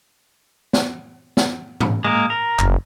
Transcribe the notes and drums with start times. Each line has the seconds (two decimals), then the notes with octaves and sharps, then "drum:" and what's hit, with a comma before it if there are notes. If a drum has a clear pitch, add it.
0.73 drum: snare
1.37 drum: snare
1.80 drum: tom G#2
2.05 G#3 A#3 A#4
2.30 A#4
2.59 F#1, drum: clap